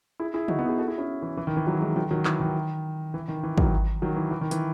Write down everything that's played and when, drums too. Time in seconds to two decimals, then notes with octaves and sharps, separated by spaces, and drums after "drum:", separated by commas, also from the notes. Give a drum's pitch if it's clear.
0.20 E4 G#4
0.34 E4 G#4
0.48 D#4 F#4, drum: tom C#3
0.59 B3 D#4
0.68 E4 G#4
0.78 F#4 A4
0.88 E4 G#4
0.98 C#4 E4
1.22 E3
1.37 E3
1.47 D#3
1.57 E3
1.66 D#3 F#3
1.81 E3 G#3
1.96 D#3 F#3
2.11 D#3 F#3
2.25 E3, drum: clap
2.40 D#3
3.14 E3
3.28 D#3
3.43 E3
3.58 D#3 F#3, drum: kick
4.02 D#3 F#3
4.16 E3
4.31 E3
4.41 D#3
4.51 E3, drum: hi-hat